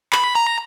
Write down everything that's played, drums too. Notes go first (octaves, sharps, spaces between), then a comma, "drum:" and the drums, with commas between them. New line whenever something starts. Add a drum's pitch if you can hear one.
B5, drum: clap
A#5